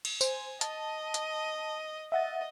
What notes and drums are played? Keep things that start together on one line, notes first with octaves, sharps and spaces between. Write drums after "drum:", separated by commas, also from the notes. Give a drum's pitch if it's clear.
drum: cymbal
C5 G#5, drum: tambourine
D#5 A5, drum: hi-hat
drum: hi-hat
D#5 E5 F#5 A6